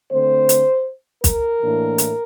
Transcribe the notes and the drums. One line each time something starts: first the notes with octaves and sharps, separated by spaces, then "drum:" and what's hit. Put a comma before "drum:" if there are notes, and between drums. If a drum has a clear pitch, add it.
D3 A3 C4 C5
drum: hi-hat
A#4, drum: kick, hi-hat
A2 E3 A#3 D4
drum: hi-hat